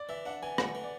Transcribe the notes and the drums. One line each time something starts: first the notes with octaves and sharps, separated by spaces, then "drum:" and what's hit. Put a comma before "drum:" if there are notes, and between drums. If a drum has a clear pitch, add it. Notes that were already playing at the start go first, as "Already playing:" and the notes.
Already playing: D5
E3 E5
D4 F#5
E3 G#5
A3 F#5, drum: rim click
E3
D5